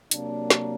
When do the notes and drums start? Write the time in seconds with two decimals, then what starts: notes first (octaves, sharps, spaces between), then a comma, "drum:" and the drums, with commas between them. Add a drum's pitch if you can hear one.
0.11 C3 F#3 A#3 D4, drum: hi-hat
0.50 drum: snare